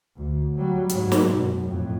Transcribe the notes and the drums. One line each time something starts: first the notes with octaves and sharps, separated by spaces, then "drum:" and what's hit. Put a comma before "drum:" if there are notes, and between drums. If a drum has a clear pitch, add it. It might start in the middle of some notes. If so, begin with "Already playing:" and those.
D2
F#3 G3
G#2 F#3, drum: hi-hat
drum: snare
F#2 B2
F2 A2